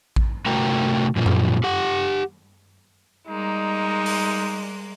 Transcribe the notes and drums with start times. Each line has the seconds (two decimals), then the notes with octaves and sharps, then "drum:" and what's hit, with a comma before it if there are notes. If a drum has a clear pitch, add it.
0.16 drum: kick A1
0.46 C3 A3 F#4 A#4 G5 A#5
1.16 F#2 A#2 F3
1.26 drum: tom F#2
1.64 G4 F#5
3.28 G3 G#3 A#3 D#4
4.06 drum: open hi-hat